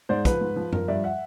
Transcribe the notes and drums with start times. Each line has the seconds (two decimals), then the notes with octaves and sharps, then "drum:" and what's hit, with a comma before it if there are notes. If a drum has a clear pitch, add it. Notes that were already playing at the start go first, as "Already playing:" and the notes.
0.09 G#2 C5 D5
0.25 F3 B4, drum: kick, hi-hat
0.41 G#2
0.56 F3
0.73 F3 A#4, drum: tom F#2
0.88 G2 D5 E5
1.04 E5 F#5